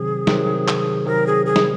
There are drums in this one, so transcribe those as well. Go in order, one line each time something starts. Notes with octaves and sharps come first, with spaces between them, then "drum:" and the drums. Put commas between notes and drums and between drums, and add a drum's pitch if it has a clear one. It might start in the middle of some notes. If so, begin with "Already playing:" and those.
Already playing: C3 D#3 F#3 C4 G#4
C3 D#3 F#3 C4, drum: snare
drum: clap
C3 D#3 F#3 C4 A#4
G#4
G#4
drum: snare